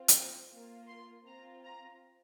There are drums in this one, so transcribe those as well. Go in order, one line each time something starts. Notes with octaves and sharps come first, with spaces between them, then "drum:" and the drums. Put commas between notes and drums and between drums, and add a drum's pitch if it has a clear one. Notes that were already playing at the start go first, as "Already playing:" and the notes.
Already playing: C4 F4
G5, drum: hi-hat
A#3 F4
C6
C4 F4 A#5
A#5